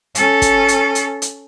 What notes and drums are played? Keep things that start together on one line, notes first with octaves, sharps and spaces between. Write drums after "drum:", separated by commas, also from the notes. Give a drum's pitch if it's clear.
C#4 A4, drum: hi-hat
drum: kick, hi-hat
drum: hi-hat
drum: hi-hat
drum: hi-hat